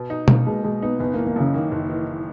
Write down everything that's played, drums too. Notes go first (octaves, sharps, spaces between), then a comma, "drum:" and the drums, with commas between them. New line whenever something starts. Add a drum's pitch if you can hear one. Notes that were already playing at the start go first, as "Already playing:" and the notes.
Already playing: B2
D#4
A#3, drum: tom B2
B2 G#3
B2 G#3
B3 D#4
F#1 B3
E3 A#3
A#3
F#2 C#3
D#3 A#3
F#1
E3